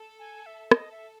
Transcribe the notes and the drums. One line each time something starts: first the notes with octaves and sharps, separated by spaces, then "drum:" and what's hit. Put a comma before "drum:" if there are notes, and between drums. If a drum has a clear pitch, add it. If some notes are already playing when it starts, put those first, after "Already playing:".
Already playing: A4
G#5
E5
A4 D#5, drum: rim click
E5